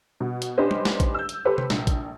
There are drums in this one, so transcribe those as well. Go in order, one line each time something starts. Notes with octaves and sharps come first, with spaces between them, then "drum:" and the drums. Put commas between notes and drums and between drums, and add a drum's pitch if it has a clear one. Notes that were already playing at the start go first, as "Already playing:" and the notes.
B2
drum: hi-hat
C#4 D4 G4 B4 C5 D#5
drum: tom G3
drum: snare
drum: kick, hi-hat
E6 G6
drum: hi-hat
G4 A4 B4 C5
drum: tom C3
A#1, drum: snare
drum: kick, hi-hat